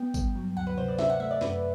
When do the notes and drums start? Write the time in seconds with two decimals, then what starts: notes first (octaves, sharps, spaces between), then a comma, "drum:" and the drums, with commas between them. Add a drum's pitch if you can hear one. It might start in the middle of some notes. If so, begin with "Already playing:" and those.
Already playing: B3 G5
0.14 G2, drum: kick G#1, tambourine
0.35 F#3
0.57 D2 F#5
0.67 B4
0.77 C3 C5
0.88 D5
0.99 C3 E5, drum: snare
1.10 F#5
1.20 A3 E5
1.31 D5
1.41 F#2 B4, drum: snare